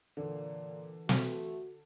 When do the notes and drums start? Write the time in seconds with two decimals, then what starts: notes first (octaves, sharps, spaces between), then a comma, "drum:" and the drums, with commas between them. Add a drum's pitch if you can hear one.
0.17 A#2 D3 E3
1.09 A3 F#4, drum: snare